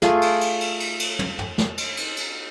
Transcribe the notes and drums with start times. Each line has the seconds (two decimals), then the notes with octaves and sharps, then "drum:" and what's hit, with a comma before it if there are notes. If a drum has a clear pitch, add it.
0.02 A3 F4 G#4, drum: snare
0.21 drum: cymbal
0.41 drum: cymbal
0.60 drum: cymbal
0.80 drum: cymbal
1.00 drum: cymbal
1.19 drum: tom
1.39 drum: tom
1.58 drum: snare
1.78 drum: cymbal
1.97 drum: cymbal
2.17 drum: cymbal